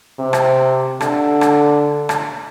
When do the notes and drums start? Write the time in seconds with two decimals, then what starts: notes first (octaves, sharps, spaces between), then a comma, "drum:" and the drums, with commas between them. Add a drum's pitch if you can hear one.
0.19 C3
0.33 drum: rim click
1.01 D3, drum: rim click
1.41 drum: rim click
2.09 drum: rim click